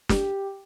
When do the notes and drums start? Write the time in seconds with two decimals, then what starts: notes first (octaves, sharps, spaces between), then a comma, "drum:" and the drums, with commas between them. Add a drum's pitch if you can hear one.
0.09 G4, drum: snare